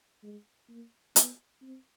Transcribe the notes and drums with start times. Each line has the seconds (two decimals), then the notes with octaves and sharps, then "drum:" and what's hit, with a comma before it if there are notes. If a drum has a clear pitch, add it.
0.23 G#3
0.69 A#3
1.16 B3, drum: hi-hat
1.62 C4